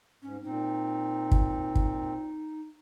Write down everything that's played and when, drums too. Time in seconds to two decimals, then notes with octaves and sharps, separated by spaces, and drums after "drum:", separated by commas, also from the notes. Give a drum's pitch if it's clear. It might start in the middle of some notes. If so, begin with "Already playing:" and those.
0.22 G#2 C#4
0.44 A#2 C4 D#4
1.32 drum: kick
1.75 drum: kick